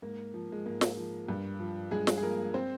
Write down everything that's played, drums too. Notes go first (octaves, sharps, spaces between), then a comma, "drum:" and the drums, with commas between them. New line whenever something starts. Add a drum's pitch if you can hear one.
G#2 A#3
F3
G#3
G#2 A#3
drum: snare
F3
G2
F3
G2 G#3 G#4
drum: snare
G#4
F3 A#3 A#4
C4 C5